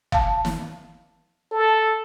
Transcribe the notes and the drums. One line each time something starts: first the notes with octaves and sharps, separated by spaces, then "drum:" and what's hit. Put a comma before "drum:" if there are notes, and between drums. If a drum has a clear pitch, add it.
F5 A5, drum: kick F#1
drum: snare
A4